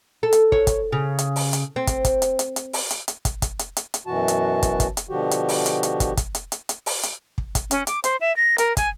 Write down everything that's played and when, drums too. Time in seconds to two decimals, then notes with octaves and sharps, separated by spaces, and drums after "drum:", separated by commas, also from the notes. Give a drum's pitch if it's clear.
0.23 A4
0.33 drum: hi-hat
0.52 C#5, drum: kick
0.67 drum: kick, hi-hat
0.92 C#3
1.19 drum: hi-hat
1.36 drum: open hi-hat
1.53 drum: hi-hat
1.76 C4
1.87 drum: kick, hi-hat
2.05 drum: kick, hi-hat
2.22 drum: hi-hat
2.39 drum: hi-hat
2.56 drum: hi-hat
2.73 drum: open hi-hat
2.91 drum: hi-hat
3.08 drum: hi-hat
3.25 drum: kick, hi-hat
3.42 drum: kick, hi-hat
3.59 drum: hi-hat
3.77 drum: hi-hat
3.94 drum: hi-hat
4.07 F#2 B2 E3 F#4 A5
4.28 drum: hi-hat
4.63 drum: kick, hi-hat
4.80 drum: kick, hi-hat
4.97 drum: hi-hat
5.09 B2 D3 F3 F#4 G4
5.31 drum: hi-hat
5.49 drum: open hi-hat
5.66 drum: hi-hat
5.83 drum: hi-hat
6.00 drum: kick, hi-hat
6.17 drum: kick, hi-hat
6.35 drum: hi-hat
6.52 drum: hi-hat
6.69 drum: hi-hat
6.86 drum: open hi-hat
7.03 drum: hi-hat
7.38 drum: kick
7.55 drum: kick, hi-hat
7.71 C#4, drum: hi-hat
7.87 D6, drum: hi-hat
8.04 C5, drum: hi-hat
8.21 E5
8.36 A#6
8.58 A#4, drum: hi-hat
8.77 G#5, drum: kick, hi-hat